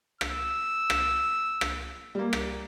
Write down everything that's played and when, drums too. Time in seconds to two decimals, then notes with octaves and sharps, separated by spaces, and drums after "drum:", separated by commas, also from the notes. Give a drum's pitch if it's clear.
0.21 E6, drum: rim click
0.90 drum: rim click
1.61 drum: rim click
2.15 G3 A#3
2.33 drum: rim click